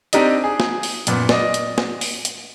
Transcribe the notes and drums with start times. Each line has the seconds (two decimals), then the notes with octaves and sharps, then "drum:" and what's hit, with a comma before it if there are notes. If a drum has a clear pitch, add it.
0.13 C4 D4 D#4 G4 D5 D#5, drum: hi-hat
0.44 G#4
0.60 drum: snare
0.83 drum: open hi-hat
1.07 F#2 A#2 B3, drum: hi-hat
1.29 D5 D#5, drum: snare
1.54 drum: hi-hat
1.78 drum: snare
2.01 drum: open hi-hat
2.25 drum: hi-hat